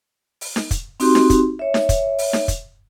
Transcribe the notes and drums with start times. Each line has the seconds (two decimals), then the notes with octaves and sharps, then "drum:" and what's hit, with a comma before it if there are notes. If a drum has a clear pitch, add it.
0.41 drum: open hi-hat
0.56 drum: snare D#4
0.71 drum: kick, hi-hat
1.00 C4 D#4 F#4 G4 C6, drum: open hi-hat
1.15 drum: snare D#4
1.30 drum: kick, hi-hat
1.59 C#5 E5
1.74 drum: snare D#4
1.89 drum: kick, hi-hat
2.18 drum: open hi-hat
2.33 drum: snare D#4
2.48 drum: kick, hi-hat